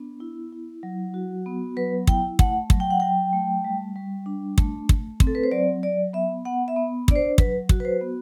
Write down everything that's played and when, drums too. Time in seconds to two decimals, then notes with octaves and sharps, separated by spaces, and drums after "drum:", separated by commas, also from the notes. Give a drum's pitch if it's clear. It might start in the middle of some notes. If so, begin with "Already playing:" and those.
Already playing: B3 D4
0.20 E4
0.53 E4
0.83 F#3
1.14 F#4
1.46 B3
1.76 F#3 B4
2.07 E4 G5, drum: kick
2.39 A3 F#5, drum: kick
2.70 F#3, drum: kick
2.80 G5
2.91 F#5
3.00 F#3 G5
3.33 A3
3.65 G3
3.96 G3
4.26 D4
4.58 A3, drum: kick
4.89 A3, drum: kick
5.20 C4, drum: kick
5.27 A4
5.35 B4
5.44 C5
5.51 F#3 D5
5.83 F#3 D5
6.13 B3 E5
6.45 B3 F#5
6.68 E5
6.76 B3
7.08 D4 D5, drum: kick
7.16 C5
7.38 F#3 B4, drum: kick
7.69 F#4, drum: kick
7.80 B4
7.85 C5
8.01 B3